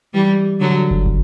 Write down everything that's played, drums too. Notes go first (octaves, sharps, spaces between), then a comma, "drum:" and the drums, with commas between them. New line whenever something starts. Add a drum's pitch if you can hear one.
E3 G3
D3 F#3
drum: kick
drum: kick